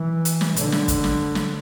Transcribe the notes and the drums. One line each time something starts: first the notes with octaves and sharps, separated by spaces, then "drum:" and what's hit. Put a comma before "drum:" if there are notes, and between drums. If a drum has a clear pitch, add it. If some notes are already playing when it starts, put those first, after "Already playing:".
Already playing: E3
drum: hi-hat
drum: snare
D3, drum: hi-hat
drum: snare
drum: kick, hi-hat
drum: snare
drum: snare